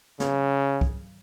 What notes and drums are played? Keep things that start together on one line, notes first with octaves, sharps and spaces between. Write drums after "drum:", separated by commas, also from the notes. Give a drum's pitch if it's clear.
C#3, drum: snare
drum: kick